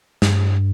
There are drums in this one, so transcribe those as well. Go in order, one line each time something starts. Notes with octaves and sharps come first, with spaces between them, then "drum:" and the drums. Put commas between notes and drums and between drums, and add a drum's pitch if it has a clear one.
G2, drum: snare